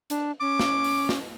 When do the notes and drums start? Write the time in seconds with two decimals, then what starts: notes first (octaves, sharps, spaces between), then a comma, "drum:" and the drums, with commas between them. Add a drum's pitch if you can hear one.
0.10 D4, drum: hi-hat
0.41 C#4 D6
0.60 drum: snare
0.84 drum: open hi-hat
1.09 drum: snare